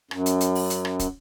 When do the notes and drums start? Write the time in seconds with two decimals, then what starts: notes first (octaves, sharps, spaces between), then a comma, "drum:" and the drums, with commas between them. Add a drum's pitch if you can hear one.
0.11 F#2, drum: rim click
0.26 drum: hi-hat
0.41 drum: hi-hat
0.55 drum: open hi-hat
0.70 drum: hi-hat
0.85 drum: rim click
0.99 drum: kick, hi-hat